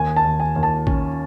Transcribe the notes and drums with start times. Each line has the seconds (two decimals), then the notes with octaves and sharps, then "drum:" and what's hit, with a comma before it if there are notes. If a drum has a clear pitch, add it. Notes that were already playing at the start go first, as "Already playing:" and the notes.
Already playing: D#2 G#5
0.16 A5
0.24 D#2
0.40 G#5
0.56 D#2
0.63 A5
0.87 C#4, drum: kick